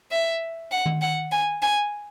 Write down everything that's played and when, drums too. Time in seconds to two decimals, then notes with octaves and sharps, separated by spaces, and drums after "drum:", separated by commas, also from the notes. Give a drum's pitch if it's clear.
0.11 E5
0.71 F#5
0.86 drum: tom D#3
1.01 F#5
1.32 G#5
1.62 G#5